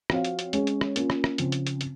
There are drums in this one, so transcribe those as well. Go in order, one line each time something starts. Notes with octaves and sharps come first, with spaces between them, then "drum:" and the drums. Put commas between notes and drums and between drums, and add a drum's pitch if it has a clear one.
F3 C4 F#4 C#5 F5, drum: rim click
drum: hi-hat
drum: hi-hat
G#3 C#4 G#4 C#5, drum: hi-hat
drum: hi-hat
drum: rim click
A#3 C#4 F4, drum: hi-hat
drum: rim click
drum: rim click
C#3 F3 C4, drum: hi-hat
drum: hi-hat
drum: hi-hat
drum: hi-hat